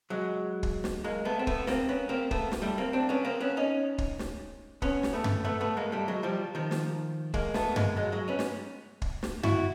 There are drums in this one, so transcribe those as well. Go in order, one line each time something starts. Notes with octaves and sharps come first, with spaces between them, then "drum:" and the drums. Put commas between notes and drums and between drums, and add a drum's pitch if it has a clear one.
F#3 G#3
drum: kick
drum: snare
G#3 A#3
A3 B3
C4
A3 B3, drum: kick
A#3 C4, drum: snare
B3 C#4
A#3 C4
A3 B3, drum: kick
drum: snare
G3 A3
A#3 C4
C4 D4
B3 C#4
A#3 C4
B3 C#4
C#4 D#4
drum: kick
drum: snare
B3 C#4, drum: kick
drum: snare
A3 B3
drum: tom G2
A3 B3
A3 B3
G#3 A#3
G3 A3
F#3 G#3
F3 G3
D#3 F3
drum: snare
G#3 A#3, drum: kick
A3 B3, drum: snare
G#3 A#3, drum: tom G2
F#3 G#3
F#3 G#3
B3 C#4
drum: snare
drum: kick
drum: snare
E4 F#4, drum: tom G2